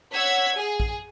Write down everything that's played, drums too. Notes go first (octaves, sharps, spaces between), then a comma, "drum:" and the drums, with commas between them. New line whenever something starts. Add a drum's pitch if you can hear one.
C#5 F#5 E6 G#6 B6
G#4
drum: kick A#1